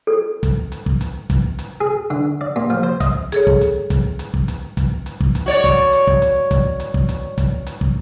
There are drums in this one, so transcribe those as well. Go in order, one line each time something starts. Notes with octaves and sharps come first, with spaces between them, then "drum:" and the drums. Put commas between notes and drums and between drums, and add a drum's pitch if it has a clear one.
A4
drum: kick, hi-hat
drum: hi-hat
drum: kick
drum: hi-hat
drum: kick, hi-hat
drum: hi-hat
G#4
D3
D5
A#2
F3
C5
D#5, drum: kick, hi-hat
G#4 A4 C#5, drum: hi-hat
drum: kick
drum: hi-hat
drum: kick, hi-hat
drum: hi-hat
drum: kick
drum: hi-hat
drum: kick, hi-hat
drum: hi-hat
drum: kick
drum: hi-hat
F#4 C#5 D5
drum: kick, hi-hat
drum: hi-hat
drum: kick
drum: hi-hat
drum: kick, hi-hat
drum: hi-hat
drum: kick
drum: hi-hat
drum: kick, hi-hat
drum: hi-hat
drum: kick